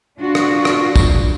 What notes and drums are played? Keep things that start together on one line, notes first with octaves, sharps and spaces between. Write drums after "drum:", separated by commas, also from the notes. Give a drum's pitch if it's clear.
D4 F4 F#4
drum: rim click
drum: rim click
drum: kick, tambourine